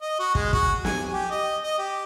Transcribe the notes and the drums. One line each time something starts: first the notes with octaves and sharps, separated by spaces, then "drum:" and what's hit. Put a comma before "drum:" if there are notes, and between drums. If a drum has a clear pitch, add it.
D#5
F#4
G#3, drum: kick
F#4, drum: kick
G#5, drum: snare
G4
D#5
D#5
G4